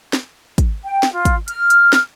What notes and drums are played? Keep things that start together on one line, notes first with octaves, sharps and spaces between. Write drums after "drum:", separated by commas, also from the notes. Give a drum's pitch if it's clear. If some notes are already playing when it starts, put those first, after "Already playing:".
drum: snare
drum: kick, hi-hat
G5
drum: snare
F4
drum: kick, hi-hat
F6, drum: hi-hat
drum: hi-hat
drum: snare